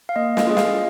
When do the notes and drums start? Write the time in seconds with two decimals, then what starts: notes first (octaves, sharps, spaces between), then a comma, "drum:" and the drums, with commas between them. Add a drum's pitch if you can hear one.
0.09 F5
0.16 A#3 D#5
0.37 D#5, drum: snare
0.47 F4 G#4 D#5
0.57 F5, drum: snare